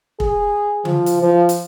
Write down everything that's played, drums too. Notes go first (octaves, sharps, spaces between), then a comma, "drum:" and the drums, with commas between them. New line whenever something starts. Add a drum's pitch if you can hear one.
G#4, drum: kick
F3, drum: tom C#3
drum: hi-hat
F3
drum: hi-hat